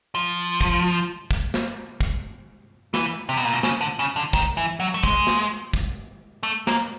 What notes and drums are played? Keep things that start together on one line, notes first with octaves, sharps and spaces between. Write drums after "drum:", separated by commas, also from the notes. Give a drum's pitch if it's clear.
F3
drum: kick
drum: kick
drum: snare
drum: kick
E3, drum: snare
C3
B2
A#2
B2
C#3, drum: snare
D3
C#3
D3
D#3, drum: kick
E3
F#3
A3
G#3, drum: kick
drum: snare
drum: kick
A3
A#3, drum: snare